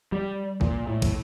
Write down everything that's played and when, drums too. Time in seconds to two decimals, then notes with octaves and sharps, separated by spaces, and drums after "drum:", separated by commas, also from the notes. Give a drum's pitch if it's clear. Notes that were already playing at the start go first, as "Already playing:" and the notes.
0.12 G3
0.61 A#2, drum: kick
0.87 A2
1.02 drum: kick, cymbal